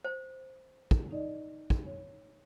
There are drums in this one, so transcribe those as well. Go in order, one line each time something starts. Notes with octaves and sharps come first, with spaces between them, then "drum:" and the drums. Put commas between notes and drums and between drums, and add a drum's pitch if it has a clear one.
C5
drum: kick
D#4 D5 D#5
drum: kick
C#5